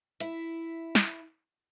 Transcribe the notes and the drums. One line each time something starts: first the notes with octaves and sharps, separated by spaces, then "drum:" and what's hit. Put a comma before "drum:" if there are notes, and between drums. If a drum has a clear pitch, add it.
E4 E5, drum: hi-hat
drum: snare